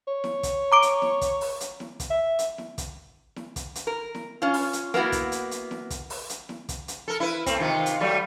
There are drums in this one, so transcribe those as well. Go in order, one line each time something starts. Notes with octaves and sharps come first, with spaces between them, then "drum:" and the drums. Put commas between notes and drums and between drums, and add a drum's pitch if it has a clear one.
C#5
drum: snare E4
drum: kick, hi-hat
A#5 D6 D7
drum: hi-hat
drum: snare E4
drum: kick, hi-hat
drum: open hi-hat
drum: hi-hat
drum: snare E4
drum: kick, hi-hat
E5
drum: hi-hat
drum: snare E4
drum: kick, hi-hat
drum: snare E4
drum: kick, hi-hat
drum: hi-hat
A#4
drum: snare E4
C#4 F4
drum: open hi-hat
drum: hi-hat
A#3 B3 E4 F#4, drum: snare E4
drum: kick, hi-hat
drum: hi-hat
drum: hi-hat
drum: snare E4
drum: kick, hi-hat
drum: open hi-hat
drum: hi-hat
drum: snare E4
drum: kick, hi-hat
drum: hi-hat
A4 A#4
E4 B4
A3 C4, drum: kick, hi-hat
C3 D#3 F4
drum: hi-hat
F#3 G3 A3